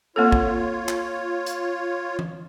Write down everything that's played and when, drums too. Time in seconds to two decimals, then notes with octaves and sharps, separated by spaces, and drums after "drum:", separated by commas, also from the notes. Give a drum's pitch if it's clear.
0.16 A#3 C4 F4 A4 C#5
0.32 drum: kick
0.88 drum: clap
1.46 drum: hi-hat
2.19 drum: tom E3